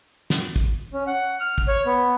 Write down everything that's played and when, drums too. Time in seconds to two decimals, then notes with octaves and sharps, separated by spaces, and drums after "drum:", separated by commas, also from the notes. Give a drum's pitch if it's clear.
0.30 drum: snare
0.56 drum: kick
0.93 C#4
1.07 F#5
1.40 F6
1.58 drum: kick
1.68 C#5
1.86 B3